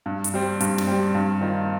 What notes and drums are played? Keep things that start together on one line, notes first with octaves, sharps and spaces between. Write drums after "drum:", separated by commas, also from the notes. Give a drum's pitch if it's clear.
G2
drum: hi-hat
G3 C4
G2, drum: hi-hat
drum: snare
G3 C4
G2
D#3 C4 F4